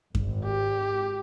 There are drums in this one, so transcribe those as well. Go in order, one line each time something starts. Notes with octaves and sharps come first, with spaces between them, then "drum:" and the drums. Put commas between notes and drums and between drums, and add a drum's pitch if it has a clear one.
G#1, drum: kick F#2
G4